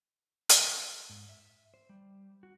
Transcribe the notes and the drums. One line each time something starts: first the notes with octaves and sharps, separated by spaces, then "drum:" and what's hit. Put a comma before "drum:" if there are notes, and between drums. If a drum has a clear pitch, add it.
drum: hi-hat
G#2
E5
C5
G3
F#4